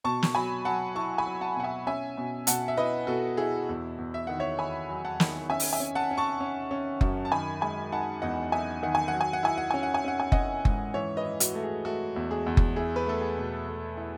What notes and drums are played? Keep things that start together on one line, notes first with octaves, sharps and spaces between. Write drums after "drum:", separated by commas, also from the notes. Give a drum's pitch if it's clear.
B2 A5 C#6
drum: snare
F#3 G#5 B5
F#3 F#5 A5
E4 A5 C#6
G#5 B5
F#3
F#5 A5
B2 F#5
E5 G#5
C#4 E5 G#5
B2
B2 F#5 A5, drum: hi-hat
E5
E4 B4 D#5
B2 F#4 A4
E4 G#4
E2
E2
E5
D#3 F#5
C#5 E5
D#3 G#5 B5
F#3
F#5 A5
D#3, drum: snare
C#4 E5 G#5
drum: open hi-hat
E5 G#5
C#4
F#5 A5
C#4
A5 C#6
C#4
C#4
F#2, drum: kick F#1
A5
D#3 G#5 B5
G#3 G#5 B5
D#4 F#5 A5
E2 D#5 F#5
D#4 E5 G#5
D#3 F#5
G#5
F#5
F#3
G#5
F#5
E4 G#5
F#5
C#4 G#5
F#5
G#5
C#4 F#5
G#5
C#4 D#5 F#5, drum: kick F#1
G#2, drum: kick F#1
E3 C#5 E5
B4 D#5
E3
F#4, drum: hi-hat
A3
G#4
A3 F#4
E2
G#4
E2
drum: kick F#1
E4 G#4
B4
A3 A4
G#4
B2
A3
E4